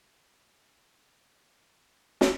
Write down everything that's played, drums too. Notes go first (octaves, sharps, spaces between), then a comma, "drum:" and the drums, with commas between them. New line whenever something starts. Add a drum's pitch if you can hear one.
G#3
B2
drum: snare